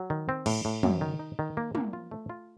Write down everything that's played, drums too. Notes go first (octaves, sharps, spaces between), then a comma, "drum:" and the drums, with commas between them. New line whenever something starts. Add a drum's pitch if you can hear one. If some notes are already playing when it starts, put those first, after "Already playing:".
Already playing: F#3
D#3
C4
A2, drum: cymbal
A2
F#2, drum: tom
D#3
D#4
D#3
A#3
A#3, drum: tom
F4
A3
F4